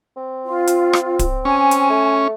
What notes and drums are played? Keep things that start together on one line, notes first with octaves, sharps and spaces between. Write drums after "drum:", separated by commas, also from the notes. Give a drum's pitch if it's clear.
C4
F4
drum: hi-hat
drum: rim click
drum: kick D1, hi-hat
C#4 G#5
drum: hi-hat
A3